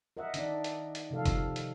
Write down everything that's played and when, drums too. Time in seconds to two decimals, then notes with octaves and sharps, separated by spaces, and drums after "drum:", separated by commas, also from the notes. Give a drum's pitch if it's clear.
0.17 A#4 D#5 E5 F#5
0.34 D#3 D4 D5, drum: hi-hat
0.64 drum: hi-hat
0.95 drum: hi-hat
1.10 C3 D#3 F3 A4 F5
1.25 drum: kick, hi-hat
1.56 drum: hi-hat